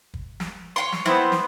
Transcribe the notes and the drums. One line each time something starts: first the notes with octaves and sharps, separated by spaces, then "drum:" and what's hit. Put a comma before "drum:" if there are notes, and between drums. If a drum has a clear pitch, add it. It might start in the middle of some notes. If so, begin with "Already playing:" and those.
drum: kick
drum: snare
C#5 F#5 C6
drum: snare
B3 C4 E4 C5, drum: snare
drum: snare